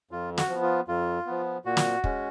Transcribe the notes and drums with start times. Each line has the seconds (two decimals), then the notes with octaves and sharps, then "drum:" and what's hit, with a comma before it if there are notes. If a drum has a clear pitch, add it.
0.11 F2 F4
0.38 F#4, drum: snare
0.49 F3 B3
0.62 F4
0.88 F2 F4
1.27 F3 B3
1.65 A#2 F#4
1.77 drum: snare
2.04 G#3 C#4, drum: kick